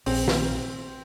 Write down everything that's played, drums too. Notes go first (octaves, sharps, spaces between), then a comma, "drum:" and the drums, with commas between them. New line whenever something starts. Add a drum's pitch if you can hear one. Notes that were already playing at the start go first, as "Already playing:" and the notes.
A#1 C4, drum: open hi-hat
D#3, drum: snare